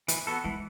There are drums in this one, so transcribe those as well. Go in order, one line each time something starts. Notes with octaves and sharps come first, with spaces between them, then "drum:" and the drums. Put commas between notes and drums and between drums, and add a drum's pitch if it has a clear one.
E3, drum: hi-hat
B3 F#4 A4
E3 G#3